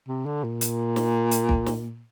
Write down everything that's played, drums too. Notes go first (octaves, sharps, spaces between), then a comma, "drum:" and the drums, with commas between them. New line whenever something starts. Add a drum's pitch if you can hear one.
C3
D3
A#2
drum: hi-hat
drum: snare
drum: hi-hat
drum: kick
drum: snare